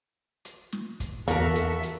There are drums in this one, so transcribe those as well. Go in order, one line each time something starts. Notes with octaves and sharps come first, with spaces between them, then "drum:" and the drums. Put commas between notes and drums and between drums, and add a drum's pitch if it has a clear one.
drum: hi-hat
drum: snare
drum: kick, hi-hat
E2 A#3 F#4 A4 A#4 E5, drum: hi-hat
drum: hi-hat
drum: hi-hat